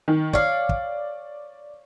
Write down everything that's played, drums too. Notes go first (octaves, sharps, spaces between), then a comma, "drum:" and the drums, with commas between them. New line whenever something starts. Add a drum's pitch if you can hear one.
D#3
C#5 D5 F5, drum: kick
drum: kick